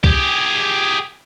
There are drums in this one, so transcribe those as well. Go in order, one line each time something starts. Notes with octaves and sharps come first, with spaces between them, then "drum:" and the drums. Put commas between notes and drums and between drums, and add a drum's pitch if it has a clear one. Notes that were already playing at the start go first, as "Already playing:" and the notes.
G4 G#4, drum: kick